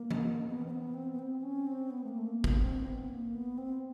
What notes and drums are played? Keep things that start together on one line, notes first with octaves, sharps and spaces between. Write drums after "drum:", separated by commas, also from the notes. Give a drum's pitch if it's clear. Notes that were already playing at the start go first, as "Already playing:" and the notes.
Already playing: A#3
drum: tom E3
B3
C4
B3
C4
B3
C4
C#4
C4
B3
A3
A#3
A3
A#3
B3, drum: kick
C4
B3
A#3
B3
C4